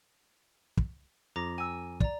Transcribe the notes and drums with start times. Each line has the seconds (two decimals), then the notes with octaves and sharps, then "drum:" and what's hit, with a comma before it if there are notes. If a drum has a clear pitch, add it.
0.77 drum: kick
1.36 F2 A#5 D6 A#6
1.58 G#5 E6
2.00 D5 A#5, drum: kick